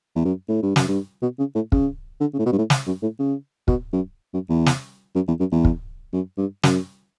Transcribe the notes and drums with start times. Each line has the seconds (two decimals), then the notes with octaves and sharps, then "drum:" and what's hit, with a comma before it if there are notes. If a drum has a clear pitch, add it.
0.16 E2
0.25 F#2
0.49 A2
0.63 G2
0.76 F#2, drum: snare
0.88 G2
1.22 B2
1.39 C#3
1.55 A2
1.72 C#3, drum: kick
2.21 D3
2.34 C#3
2.39 A2
2.46 B2
2.53 G2
2.58 A2
2.70 drum: snare
2.87 F#2
3.03 A2
3.19 C#3
3.68 B2, drum: kick
3.93 F#2
4.34 F#2
4.50 E2
4.66 drum: snare
5.15 F#2
5.28 E2
5.40 F#2
5.52 E2
5.65 drum: kick
6.13 F#2
6.38 G2
6.63 F#2, drum: snare